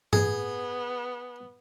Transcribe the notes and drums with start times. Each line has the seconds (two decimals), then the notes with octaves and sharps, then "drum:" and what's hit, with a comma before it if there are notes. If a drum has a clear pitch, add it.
0.13 B3 G#4, drum: tom G2